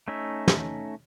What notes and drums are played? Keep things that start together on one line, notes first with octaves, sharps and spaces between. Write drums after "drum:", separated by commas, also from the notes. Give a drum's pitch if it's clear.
A3 C#4 D#4 E5
drum: snare